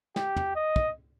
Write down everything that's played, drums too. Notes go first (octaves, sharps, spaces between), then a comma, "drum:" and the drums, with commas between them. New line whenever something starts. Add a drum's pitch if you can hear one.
G4, drum: snare
drum: tom
D#5
drum: kick